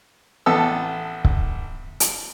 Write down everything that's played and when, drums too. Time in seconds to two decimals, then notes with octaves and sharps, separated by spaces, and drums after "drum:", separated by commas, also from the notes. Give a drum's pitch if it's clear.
0.46 A1 B3 A4 E6
1.25 drum: kick C#1
2.00 drum: hi-hat